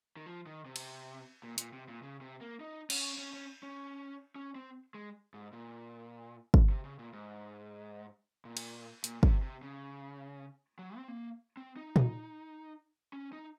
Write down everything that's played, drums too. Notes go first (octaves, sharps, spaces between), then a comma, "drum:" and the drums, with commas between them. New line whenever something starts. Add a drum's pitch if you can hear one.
D#3
F3
D#3
C3
drum: cymbal
A#2
A#2, drum: hi-hat
C3
A#2
C#3
C3
A#3
D#4
C#4, drum: cymbal
C#4
C#4
C#4
C#4
C4
G#3
G#2
A#2
drum: kick
C3
C#3
A#2
G#2
A#2
drum: cymbal
A#2, drum: hi-hat
C3, drum: kick
C3
C#3
F#3
C4
A#3
C4
D#4
drum: tom A#2
C#4
D#4